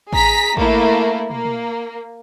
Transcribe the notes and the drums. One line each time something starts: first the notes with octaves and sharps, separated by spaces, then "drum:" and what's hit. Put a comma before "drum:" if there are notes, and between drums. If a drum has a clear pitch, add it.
G#4 A#5 B6, drum: kick A1
A3 A#3 E4, drum: kick A1
A#3, drum: tom
drum: tom